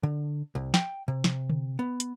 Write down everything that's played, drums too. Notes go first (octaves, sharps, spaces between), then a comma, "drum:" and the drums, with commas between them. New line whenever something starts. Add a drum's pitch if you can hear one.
D3
C2
G5, drum: snare
C3
drum: snare
drum: tom D3
B3
drum: hi-hat